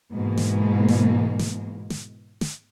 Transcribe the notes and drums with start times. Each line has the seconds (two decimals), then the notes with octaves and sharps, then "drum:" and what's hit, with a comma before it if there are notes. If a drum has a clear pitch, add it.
0.12 G#2 B2 E3 G#3 A#3
0.37 drum: snare
0.88 drum: snare
1.39 drum: snare
1.90 drum: snare
2.41 drum: snare